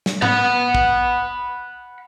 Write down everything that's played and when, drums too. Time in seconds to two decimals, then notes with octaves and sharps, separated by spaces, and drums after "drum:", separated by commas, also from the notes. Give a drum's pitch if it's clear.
0.06 drum: snare
0.22 F#5 B5, drum: tom G#2
0.75 drum: kick